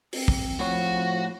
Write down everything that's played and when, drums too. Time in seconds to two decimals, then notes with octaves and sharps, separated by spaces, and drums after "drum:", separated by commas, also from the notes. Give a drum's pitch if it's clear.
0.13 C4, drum: open hi-hat
0.28 drum: kick
0.59 A2 F3 F#4 C#5